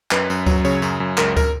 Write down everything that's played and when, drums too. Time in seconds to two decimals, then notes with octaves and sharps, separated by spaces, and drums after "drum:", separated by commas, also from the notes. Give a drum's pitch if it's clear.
0.11 F#2 B4, drum: clap
0.30 F#2, drum: tambourine
0.46 F#3, drum: kick D2, tambourine
0.65 C#3 C#5, drum: tambourine
0.82 F#2, drum: tambourine
1.00 F#2
1.18 C#2 A#4, drum: clap
1.37 A#4, drum: kick D2, tambourine